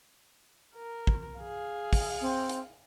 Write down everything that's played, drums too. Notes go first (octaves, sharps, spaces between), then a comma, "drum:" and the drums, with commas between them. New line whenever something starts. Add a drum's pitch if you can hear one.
A#4
drum: kick
G#4 F5
drum: kick, open hi-hat
C4
drum: hi-hat